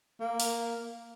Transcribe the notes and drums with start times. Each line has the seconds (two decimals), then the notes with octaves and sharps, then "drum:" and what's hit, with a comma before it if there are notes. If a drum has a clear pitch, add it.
0.20 A#3
0.40 drum: open hi-hat